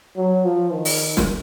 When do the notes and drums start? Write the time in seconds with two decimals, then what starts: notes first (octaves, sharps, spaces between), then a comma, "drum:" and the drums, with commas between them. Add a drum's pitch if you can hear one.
0.17 F#3
0.44 F3
0.73 D#3
0.85 drum: open hi-hat
1.17 drum: snare